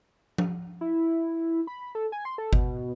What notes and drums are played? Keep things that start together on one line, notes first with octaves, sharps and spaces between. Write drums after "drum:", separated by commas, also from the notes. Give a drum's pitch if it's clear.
drum: tom F3
E4
B5
A4
G#5
C6
A4
B2, drum: kick G1